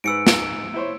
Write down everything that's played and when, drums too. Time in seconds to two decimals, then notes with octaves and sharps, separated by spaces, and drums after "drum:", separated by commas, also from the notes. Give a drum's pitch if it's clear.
0.04 G#2 B4 E6 C#7 D7
0.27 drum: snare
0.74 E4 C5 C#5